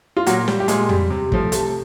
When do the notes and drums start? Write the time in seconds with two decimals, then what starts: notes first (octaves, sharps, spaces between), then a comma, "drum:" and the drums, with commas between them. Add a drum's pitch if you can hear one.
0.17 F4
0.26 A#2 F#3 F#4, drum: hi-hat
0.48 G3, drum: snare
0.60 G4
0.68 A#2 G#3 G#4, drum: hi-hat
0.89 G3, drum: tom
1.10 C3
1.32 F3 A3, drum: kick
1.52 C3 A3 A4, drum: hi-hat